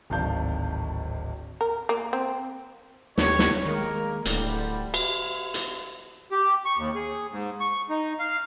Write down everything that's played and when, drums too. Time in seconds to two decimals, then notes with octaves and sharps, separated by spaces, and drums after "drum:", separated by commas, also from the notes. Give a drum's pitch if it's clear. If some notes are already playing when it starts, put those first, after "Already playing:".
0.10 D1 G#1 D5 F5 A5 G6
1.61 A#4
1.89 A#3
2.13 C4
3.18 D#2 D3 G3 C#5, drum: snare
3.39 drum: snare
3.66 D#3 G#3 A#3 A#4
4.25 D1 A2 D3 G3, drum: hi-hat
4.94 drum: cymbal
5.54 drum: hi-hat
6.31 G4
6.65 C#6
6.77 D#2
6.95 G#4
7.31 G#2
7.60 C#6
7.90 D#4
8.19 F5